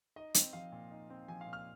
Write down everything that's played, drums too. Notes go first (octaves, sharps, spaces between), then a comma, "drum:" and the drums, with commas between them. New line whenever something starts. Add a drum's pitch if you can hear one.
D#4 D#5
C4, drum: hi-hat
F3 F5
A#2
D#4
C4
F3 G#5
F5
A#2
F6